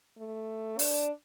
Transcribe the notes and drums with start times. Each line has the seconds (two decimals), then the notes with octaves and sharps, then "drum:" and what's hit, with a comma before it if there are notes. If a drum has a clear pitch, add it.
0.18 A3
0.79 D4, drum: open hi-hat